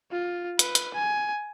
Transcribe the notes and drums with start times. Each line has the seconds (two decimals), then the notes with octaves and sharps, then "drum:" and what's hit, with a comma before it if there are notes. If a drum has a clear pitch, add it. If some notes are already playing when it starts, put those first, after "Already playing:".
0.12 F4
0.59 B4, drum: hi-hat
0.75 drum: hi-hat
0.94 G#5